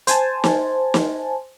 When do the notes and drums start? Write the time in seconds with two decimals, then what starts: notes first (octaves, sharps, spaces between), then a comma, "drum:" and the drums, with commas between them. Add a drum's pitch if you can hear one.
0.07 C5 G#5 A5, drum: hi-hat
0.44 drum: snare
0.94 drum: snare